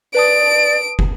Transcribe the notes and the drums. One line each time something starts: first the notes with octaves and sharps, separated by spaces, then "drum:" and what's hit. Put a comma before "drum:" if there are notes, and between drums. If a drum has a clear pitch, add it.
B4 D5 A5 D#6 D7
drum: kick